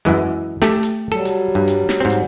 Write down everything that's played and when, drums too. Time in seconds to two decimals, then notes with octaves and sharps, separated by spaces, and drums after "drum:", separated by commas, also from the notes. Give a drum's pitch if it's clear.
0.05 F#2 E3 G#3
0.62 A3 G4 A4, drum: snare
0.83 drum: hi-hat
1.12 F#3 G3 A4
1.25 drum: hi-hat
1.55 G2
1.68 drum: hi-hat
1.89 drum: snare
2.00 G#2 C4
2.10 drum: hi-hat